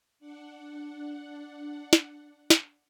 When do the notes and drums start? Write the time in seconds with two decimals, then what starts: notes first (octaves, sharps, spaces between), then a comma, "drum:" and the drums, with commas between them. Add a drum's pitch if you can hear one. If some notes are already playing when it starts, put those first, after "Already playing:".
0.20 D4 F#5
1.93 drum: snare
2.50 drum: snare